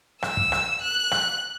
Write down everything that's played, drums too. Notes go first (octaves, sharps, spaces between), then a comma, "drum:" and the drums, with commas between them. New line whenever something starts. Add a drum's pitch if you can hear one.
E6, drum: rim click
drum: kick
drum: rim click
F#6
drum: rim click